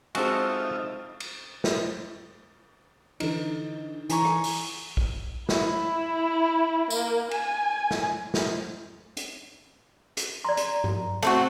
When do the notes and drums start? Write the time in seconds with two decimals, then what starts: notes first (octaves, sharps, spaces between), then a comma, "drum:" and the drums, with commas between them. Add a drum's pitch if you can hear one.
0.15 G#3 C4 D#4 F4 F#4 G#4 A4 E5, drum: cymbal
1.20 drum: cymbal
1.64 drum: snare
3.20 D3 E3 D#4, drum: cymbal
4.10 E3 G#5 A#5 C#6 G#6, drum: hi-hat
4.25 drum: rim click
4.44 drum: open hi-hat
4.97 drum: kick
5.49 E4, drum: snare
6.90 A#3, drum: tambourine
7.31 G#5, drum: cymbal
7.91 drum: snare
8.34 drum: snare
9.17 drum: hi-hat
10.17 drum: hi-hat
10.45 D5 A#5 C6
10.57 drum: hi-hat
10.84 drum: tom G2
11.23 A3 C4 F#4 A5 C#6